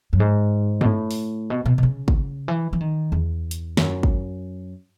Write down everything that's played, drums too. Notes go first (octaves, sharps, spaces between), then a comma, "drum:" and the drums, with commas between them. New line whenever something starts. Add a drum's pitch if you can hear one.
F#2
G#2
B2, drum: tom G2
A2
drum: open hi-hat
B2
B2
B2
C#3
drum: kick
E3
E3
D#3
E2
drum: hi-hat
F#2, drum: snare
drum: kick